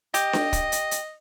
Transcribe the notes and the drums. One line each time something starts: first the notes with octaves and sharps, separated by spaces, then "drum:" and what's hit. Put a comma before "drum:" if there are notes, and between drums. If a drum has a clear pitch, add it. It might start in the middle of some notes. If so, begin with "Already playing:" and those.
G4 D#5, drum: hi-hat
drum: snare D4
drum: kick, hi-hat
drum: hi-hat
drum: hi-hat